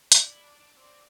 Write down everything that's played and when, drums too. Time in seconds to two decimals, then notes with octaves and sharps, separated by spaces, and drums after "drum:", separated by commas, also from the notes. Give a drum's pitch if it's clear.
0.12 E4 D5, drum: hi-hat
0.28 E4
0.44 D4
0.60 D4
0.77 C4 D5